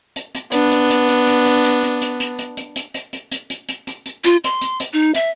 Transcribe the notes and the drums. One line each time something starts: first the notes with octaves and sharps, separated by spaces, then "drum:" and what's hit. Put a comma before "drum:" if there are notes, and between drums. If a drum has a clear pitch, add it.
drum: hi-hat
drum: hi-hat
B3 D4, drum: hi-hat
drum: hi-hat
drum: hi-hat
drum: hi-hat
drum: hi-hat
drum: hi-hat
drum: hi-hat
drum: hi-hat
drum: hi-hat
drum: hi-hat
drum: hi-hat
drum: hi-hat
drum: hi-hat
drum: hi-hat
drum: hi-hat
drum: hi-hat
drum: hi-hat
drum: hi-hat
drum: hi-hat
drum: hi-hat
F4, drum: hi-hat
C6, drum: hi-hat
drum: hi-hat
drum: hi-hat
D#4
E5, drum: hi-hat